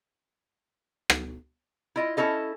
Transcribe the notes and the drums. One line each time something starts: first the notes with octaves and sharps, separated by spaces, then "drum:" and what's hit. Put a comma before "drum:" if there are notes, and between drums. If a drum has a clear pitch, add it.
drum: rim click
E4 F4 D#5
C#4 E4 A4 D#5